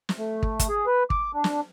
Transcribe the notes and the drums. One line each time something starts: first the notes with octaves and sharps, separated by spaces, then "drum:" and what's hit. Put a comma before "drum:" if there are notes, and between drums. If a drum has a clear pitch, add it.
drum: snare
A3
drum: kick
drum: kick, hi-hat
G#4
B4
D6, drum: kick
D4
drum: snare